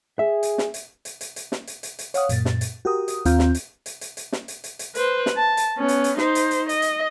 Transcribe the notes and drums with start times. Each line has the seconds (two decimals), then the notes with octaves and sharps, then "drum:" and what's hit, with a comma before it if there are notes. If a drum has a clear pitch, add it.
0.19 G#4 E5
0.43 drum: hi-hat
0.58 drum: snare
0.74 drum: hi-hat
1.05 drum: hi-hat
1.21 drum: hi-hat
1.36 drum: hi-hat
1.52 drum: snare
1.67 drum: hi-hat
1.83 drum: hi-hat
1.99 drum: hi-hat
2.14 C#5 F5 F#5 D#6, drum: hi-hat
2.29 F#2 A#2 A6, drum: hi-hat
2.45 drum: snare
2.61 drum: hi-hat
2.85 F#4 G4 A#4 D#6
3.08 drum: hi-hat
3.25 D#2 C4 F4 F5 A#5 G6, drum: hi-hat
3.39 drum: snare
3.55 drum: hi-hat
3.86 drum: hi-hat
4.01 drum: hi-hat
4.17 drum: hi-hat
4.32 drum: snare
4.48 drum: hi-hat
4.64 drum: hi-hat
4.79 drum: hi-hat
4.95 B4 C5, drum: hi-hat
5.26 drum: snare
5.36 A5
5.57 drum: hi-hat
5.78 B3 C#4
5.88 drum: hi-hat
6.04 drum: hi-hat
6.18 D#4 C5, drum: snare
6.35 drum: hi-hat
6.51 drum: hi-hat
6.69 D#5, drum: hi-hat
6.82 drum: hi-hat